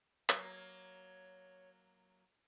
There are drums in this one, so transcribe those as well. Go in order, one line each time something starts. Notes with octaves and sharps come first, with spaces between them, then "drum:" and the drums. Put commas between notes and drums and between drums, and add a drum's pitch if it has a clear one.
F#3 A#3 C#5, drum: clap